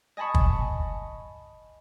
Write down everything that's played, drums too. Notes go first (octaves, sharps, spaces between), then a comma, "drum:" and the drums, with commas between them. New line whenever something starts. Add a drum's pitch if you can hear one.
D#5 G#5 A5 B5 C#6
drum: kick